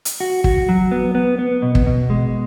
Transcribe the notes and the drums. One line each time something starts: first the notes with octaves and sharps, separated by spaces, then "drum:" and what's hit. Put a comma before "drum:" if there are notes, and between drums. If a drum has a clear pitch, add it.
drum: hi-hat
F#4
F#4, drum: kick
F#3
B3
B3
B3
B2
drum: kick
B2
G#3